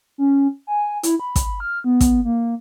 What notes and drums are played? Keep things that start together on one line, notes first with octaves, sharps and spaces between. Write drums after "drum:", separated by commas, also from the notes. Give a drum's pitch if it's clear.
C#4
G#5
E4, drum: hi-hat
B5
drum: kick, hi-hat
F6
B3
drum: kick, hi-hat
A#3